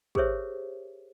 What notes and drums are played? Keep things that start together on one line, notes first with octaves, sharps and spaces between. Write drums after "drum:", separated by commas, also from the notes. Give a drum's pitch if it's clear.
G4 G#4 A#4 C5 C#5 E5, drum: kick